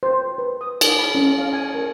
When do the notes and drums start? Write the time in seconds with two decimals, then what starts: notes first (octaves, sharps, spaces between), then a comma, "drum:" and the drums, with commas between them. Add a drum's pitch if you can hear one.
0.03 C5
0.38 B4
0.61 D#6
0.81 A#4, drum: cymbal
0.99 B5
1.15 C#4
1.38 F5
1.53 G#5
1.75 A#4